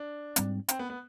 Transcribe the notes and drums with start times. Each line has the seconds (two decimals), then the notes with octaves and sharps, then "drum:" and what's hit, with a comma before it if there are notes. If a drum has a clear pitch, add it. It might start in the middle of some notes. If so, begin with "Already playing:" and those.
Already playing: D4
0.36 G#2 G3 C4, drum: hi-hat
0.69 C4, drum: hi-hat
0.79 B3
0.90 B3